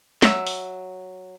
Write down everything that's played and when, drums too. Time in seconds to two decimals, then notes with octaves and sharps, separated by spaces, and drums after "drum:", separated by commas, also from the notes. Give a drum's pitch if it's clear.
0.22 F#3 E5, drum: snare
0.47 drum: open hi-hat